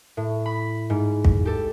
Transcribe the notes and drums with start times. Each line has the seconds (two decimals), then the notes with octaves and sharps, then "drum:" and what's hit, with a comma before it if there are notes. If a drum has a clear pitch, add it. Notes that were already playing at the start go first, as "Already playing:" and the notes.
0.17 A2
0.46 B5
0.90 G#2
1.25 drum: kick
1.45 G4 A4